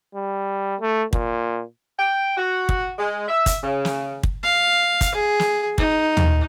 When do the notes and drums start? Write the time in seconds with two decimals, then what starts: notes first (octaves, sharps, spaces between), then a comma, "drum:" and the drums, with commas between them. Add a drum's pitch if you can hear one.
0.15 G3
0.81 A3
1.13 A#2, drum: kick
1.98 G5
2.37 F#4
2.69 drum: kick
2.98 G#3
3.28 E5
3.46 drum: kick, hi-hat
3.63 C#3
3.85 drum: snare
4.23 drum: kick
4.43 F5
5.01 drum: kick, hi-hat
5.14 G#4
5.39 drum: snare
5.78 D#4, drum: kick
6.17 drum: tom